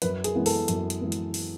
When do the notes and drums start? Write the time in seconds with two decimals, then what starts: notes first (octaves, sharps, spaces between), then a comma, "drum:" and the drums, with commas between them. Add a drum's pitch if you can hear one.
0.02 F#2 B4, drum: hi-hat
0.24 G#4, drum: hi-hat
0.35 E3 G#3 B3
0.46 A4, drum: open hi-hat
0.68 F#2, drum: hi-hat
0.90 drum: hi-hat
1.01 E3 G#3 B3
1.12 drum: hi-hat
1.34 drum: open hi-hat